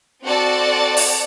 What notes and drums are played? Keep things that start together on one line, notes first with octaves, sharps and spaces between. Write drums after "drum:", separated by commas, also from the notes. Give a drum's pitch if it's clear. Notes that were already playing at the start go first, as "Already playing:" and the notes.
C4 F#4 A4 D5 F#5 A5
drum: open hi-hat